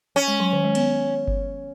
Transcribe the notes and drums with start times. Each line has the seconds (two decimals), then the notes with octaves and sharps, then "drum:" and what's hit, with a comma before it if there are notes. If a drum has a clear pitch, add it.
0.16 C#4
0.28 G#3
0.40 F#3
0.53 D#3
0.64 G#3
0.75 B3, drum: cymbal
1.28 drum: kick G1